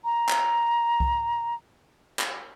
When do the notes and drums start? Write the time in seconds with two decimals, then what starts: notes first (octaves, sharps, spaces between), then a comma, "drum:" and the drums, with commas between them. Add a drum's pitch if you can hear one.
0.04 A#5
0.29 drum: clap
1.00 drum: kick C2
2.19 drum: clap